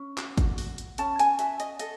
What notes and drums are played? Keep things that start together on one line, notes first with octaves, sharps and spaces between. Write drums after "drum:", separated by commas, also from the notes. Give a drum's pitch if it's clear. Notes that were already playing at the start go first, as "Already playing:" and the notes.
Already playing: C#4
F#4, drum: clap
drum: kick, hi-hat
F#4, drum: open hi-hat
drum: hi-hat
C#4 A5, drum: hi-hat
G#5, drum: hi-hat
F#4 E5, drum: hi-hat
D#5, drum: hi-hat
A4 D#5, drum: hi-hat